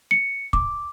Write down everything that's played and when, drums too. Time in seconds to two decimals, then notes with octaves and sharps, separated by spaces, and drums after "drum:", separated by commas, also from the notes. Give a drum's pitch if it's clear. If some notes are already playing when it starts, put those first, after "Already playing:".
0.11 C#7
0.53 D6, drum: kick